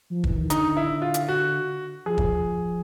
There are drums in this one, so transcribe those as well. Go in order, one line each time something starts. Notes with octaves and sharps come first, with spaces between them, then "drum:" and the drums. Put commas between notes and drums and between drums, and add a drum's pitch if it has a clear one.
F3
E3, drum: kick
D#3
D3 D#4, drum: hi-hat
E4
F4
drum: hi-hat
F#4
F3 G#4
drum: kick